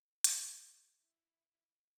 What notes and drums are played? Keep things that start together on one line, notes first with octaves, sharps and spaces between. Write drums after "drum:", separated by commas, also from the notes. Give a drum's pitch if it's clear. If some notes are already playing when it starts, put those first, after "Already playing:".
G4, drum: hi-hat
E4